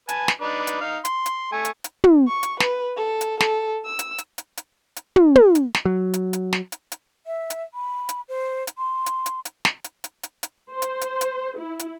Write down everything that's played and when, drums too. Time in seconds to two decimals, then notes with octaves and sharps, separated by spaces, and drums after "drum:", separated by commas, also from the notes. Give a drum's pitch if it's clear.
0.09 B4 G#5 A5, drum: hi-hat
0.28 drum: snare
0.41 D4 D#4 B4
0.67 drum: hi-hat
0.81 D#4 F5
1.05 C6, drum: hi-hat
1.26 drum: hi-hat
1.52 A3 G#5
1.65 drum: hi-hat
1.84 drum: hi-hat
2.04 drum: tom
2.27 C#6
2.43 drum: hi-hat
2.60 B4, drum: snare
2.97 A4
3.21 drum: hi-hat
3.40 A4, drum: snare
3.85 E6
3.99 drum: hi-hat
4.18 drum: hi-hat
4.38 drum: hi-hat
4.57 drum: hi-hat
4.96 drum: hi-hat
5.16 drum: tom
5.35 drum: tom
5.55 drum: hi-hat
5.75 drum: snare
5.85 F#3
6.14 drum: hi-hat
6.33 drum: hi-hat
6.53 drum: snare
6.72 drum: hi-hat
6.92 drum: hi-hat
7.26 E5
7.50 drum: hi-hat
7.74 B5
8.09 drum: hi-hat
8.28 C5
8.67 drum: hi-hat
8.78 C6
9.06 drum: hi-hat
9.26 drum: hi-hat
9.45 drum: hi-hat
9.65 drum: snare
9.84 drum: hi-hat
10.04 drum: hi-hat
10.23 drum: hi-hat
10.43 drum: hi-hat
10.71 C5
10.82 drum: hi-hat
11.01 drum: hi-hat
11.21 drum: hi-hat
11.58 E4
11.79 drum: hi-hat